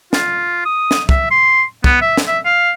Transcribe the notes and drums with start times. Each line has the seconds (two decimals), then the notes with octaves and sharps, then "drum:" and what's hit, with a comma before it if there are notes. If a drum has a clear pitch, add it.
0.13 F4, drum: snare
0.65 D#6
0.91 drum: snare
1.09 E5, drum: kick
1.31 C6
1.84 B3, drum: kick
2.02 E5
2.17 drum: snare
2.27 E5
2.45 F5